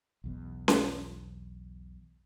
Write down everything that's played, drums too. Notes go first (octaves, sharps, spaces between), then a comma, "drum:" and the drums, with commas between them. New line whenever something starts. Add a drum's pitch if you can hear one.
B1 E2 B2
drum: snare C#4